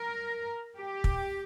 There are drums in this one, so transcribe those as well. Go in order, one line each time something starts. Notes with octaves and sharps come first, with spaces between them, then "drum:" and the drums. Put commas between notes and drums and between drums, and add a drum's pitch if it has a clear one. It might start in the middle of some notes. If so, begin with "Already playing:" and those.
Already playing: A#4
G4
drum: kick